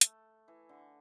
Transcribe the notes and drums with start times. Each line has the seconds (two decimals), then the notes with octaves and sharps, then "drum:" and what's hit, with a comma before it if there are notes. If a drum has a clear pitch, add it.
0.01 A3, drum: hi-hat
0.48 E3
0.69 D3